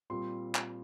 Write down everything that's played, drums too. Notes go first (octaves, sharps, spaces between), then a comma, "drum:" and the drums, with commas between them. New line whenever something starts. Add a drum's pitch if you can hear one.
A#2 G3 C4 C6
drum: clap